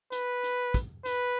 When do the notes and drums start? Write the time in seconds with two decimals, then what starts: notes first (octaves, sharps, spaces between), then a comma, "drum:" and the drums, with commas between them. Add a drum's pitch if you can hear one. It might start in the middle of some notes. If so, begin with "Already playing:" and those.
0.12 B4, drum: hi-hat
0.43 drum: hi-hat
0.74 drum: kick, hi-hat
1.05 B4, drum: hi-hat